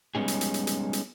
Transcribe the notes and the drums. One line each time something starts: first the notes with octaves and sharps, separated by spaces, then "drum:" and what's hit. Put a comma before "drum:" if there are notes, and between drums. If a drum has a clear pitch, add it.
G3 G#3 B3 C#4 D#4 G#4
drum: hi-hat
drum: hi-hat
drum: hi-hat
drum: hi-hat
drum: hi-hat